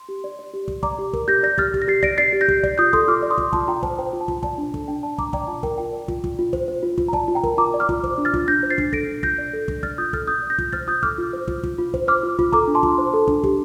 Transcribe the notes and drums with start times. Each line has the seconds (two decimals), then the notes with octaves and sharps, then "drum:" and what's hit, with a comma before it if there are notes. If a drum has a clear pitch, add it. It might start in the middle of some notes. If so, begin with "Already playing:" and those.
Already playing: C6
0.09 G4
0.24 D5
0.39 D5
0.54 G4
0.68 G4, drum: kick
0.83 D5 A#5 D6, drum: kick
0.99 G4
1.13 A#4, drum: kick
1.28 G4 G6 A#6
1.43 D5 G6 A#6
1.58 G4 F6 A6, drum: kick
1.74 G4, drum: kick
1.82 A#6
1.88 G4 A6 C7
2.03 D5 A#6 D7, drum: kick
2.18 D5 A6 C7
2.33 G4
2.41 G6 A#6
2.48 G4, drum: kick
2.63 D5, drum: kick
2.78 F4 D#6 G6
2.93 A4 C6 D#6, drum: kick
3.08 F4 D6 F6
3.23 D5
3.30 C6 D#6
3.38 F4, drum: kick
3.53 F4 A5 C6, drum: kick
3.68 F4 G5 A#5
3.83 C5 A5, drum: kick
3.98 C5 G5
4.13 F4
4.21 A5
4.28 F4, drum: kick
4.43 D5 A5, drum: kick
4.58 D4
4.74 A4, drum: kick
4.88 D4 G5
5.03 D5 A5
5.18 D4 A#5 D6, drum: kick
5.33 D5 G5 A#5, drum: kick
5.48 F4 A5
5.63 A#4 G5, drum: kick
5.78 F4 G5
5.93 D5
6.08 F4, drum: kick
6.24 F4, drum: kick
6.39 F4
6.53 C5, drum: kick
6.68 C5
6.83 F4
6.98 F4, drum: kick
7.08 A#5
7.13 D5 A5, drum: kick
7.28 F4
7.35 G5 A#5
7.43 A#4, drum: kick
7.58 F4 A#5 D6
7.74 D5
7.80 D6 F6
7.89 F4, drum: kick
8.04 C5, drum: kick
8.18 D4
8.25 F6 A6
8.34 F4, drum: kick
8.48 D4 G6 A#6
8.63 C5
8.70 A6 C7
8.78 D4, drum: kick
8.93 A4 A#6 D7, drum: kick
9.08 D4
9.23 F4 G6 A#6, drum: kick
9.38 D5
9.53 A4
9.68 D4, drum: kick
9.83 D5 F6 A6, drum: kick
9.98 F4 D#6 G6
10.13 A4 F6 A6, drum: kick
10.28 F4 D#6 G6
10.43 D5
10.50 G6 A#6
10.58 F4, drum: kick
10.72 C5 F6 A6, drum: kick
10.87 F4 D#6 G6
11.03 A4 D6 F6, drum: kick
11.18 F4
11.33 C5
11.48 F4, drum: kick
11.63 F4, drum: kick
11.78 F4
11.94 C5, drum: kick
12.08 C5 D6 F6
12.23 F4
12.39 F4, drum: kick
12.52 A4 A#5 D6, drum: kick
12.67 D4
12.75 A5 C6
12.83 F4, drum: kick
12.98 C5
13.14 A4
13.27 D4, drum: kick
13.43 G4, drum: kick